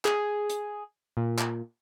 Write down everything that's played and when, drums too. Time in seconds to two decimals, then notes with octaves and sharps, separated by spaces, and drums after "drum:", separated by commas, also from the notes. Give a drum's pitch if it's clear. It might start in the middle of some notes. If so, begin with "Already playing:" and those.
0.05 G#4, drum: clap
0.50 drum: hi-hat
1.17 A#2
1.39 drum: clap